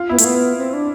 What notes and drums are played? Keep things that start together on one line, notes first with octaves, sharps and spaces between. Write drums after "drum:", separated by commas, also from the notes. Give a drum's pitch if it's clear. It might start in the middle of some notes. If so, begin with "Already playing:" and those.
Already playing: F4
B3 E4
A3, drum: hi-hat
B3
C4
D4